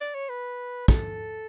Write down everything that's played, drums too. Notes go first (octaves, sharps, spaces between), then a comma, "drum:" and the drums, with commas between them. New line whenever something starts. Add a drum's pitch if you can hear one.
D5
C#5
B4
A4, drum: kick